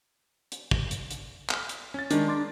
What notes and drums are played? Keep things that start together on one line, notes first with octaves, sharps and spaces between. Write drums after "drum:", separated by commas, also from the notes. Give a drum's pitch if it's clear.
drum: hi-hat
drum: kick
drum: hi-hat
drum: hi-hat
drum: clap
drum: hi-hat
C#4 A6
D#3 G#3 D4, drum: hi-hat
C6 D6 A6